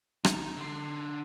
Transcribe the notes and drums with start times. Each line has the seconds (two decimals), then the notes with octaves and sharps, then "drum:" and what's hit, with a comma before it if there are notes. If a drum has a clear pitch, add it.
0.24 D#4, drum: rim click
0.56 D3 C6